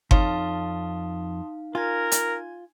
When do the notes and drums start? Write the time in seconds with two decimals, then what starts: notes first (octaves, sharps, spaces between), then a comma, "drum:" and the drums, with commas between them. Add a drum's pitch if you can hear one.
0.11 F2 D#4 C#5 F5 A5 C6 D#6, drum: kick G1
1.75 F4 A#4 G#5 G#6
2.12 drum: hi-hat